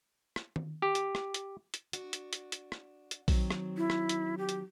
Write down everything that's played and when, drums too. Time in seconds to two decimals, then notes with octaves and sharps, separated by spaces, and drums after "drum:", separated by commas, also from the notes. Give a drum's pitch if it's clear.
0.36 drum: rim click
0.56 drum: tom D#3
0.82 G4
0.95 drum: hi-hat
1.15 drum: rim click
1.34 drum: hi-hat
1.74 drum: hi-hat
1.93 D4 F#4, drum: hi-hat
2.13 drum: hi-hat
2.33 drum: hi-hat
2.52 drum: hi-hat
2.72 drum: rim click
3.11 drum: hi-hat
3.28 D#3 F#3 C4, drum: kick A#1, open hi-hat
3.50 drum: rim click
3.77 E4
3.90 drum: rim click
4.09 drum: hi-hat
4.38 G4
4.49 drum: hi-hat